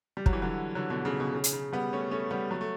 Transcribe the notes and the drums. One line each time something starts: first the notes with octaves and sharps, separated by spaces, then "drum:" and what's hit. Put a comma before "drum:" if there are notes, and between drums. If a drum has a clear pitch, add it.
G3
F#3, drum: kick
E3
D3 F#3
D3 F#3
B2 D3
C#3
B2
C#3
drum: hi-hat
C#3
G3 B3
A3 C#4
A3 C#4
G3 B3
F#3 A3
A3